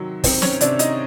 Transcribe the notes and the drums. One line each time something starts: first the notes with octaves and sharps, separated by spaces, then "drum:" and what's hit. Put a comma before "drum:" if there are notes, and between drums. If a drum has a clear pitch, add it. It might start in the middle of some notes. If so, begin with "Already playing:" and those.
Already playing: C3 D#3 F#3
D#3 C4 C5, drum: kick, open hi-hat
C#4 C#5, drum: snare
C3 D4 D5, drum: hi-hat
D#4 D#5, drum: hi-hat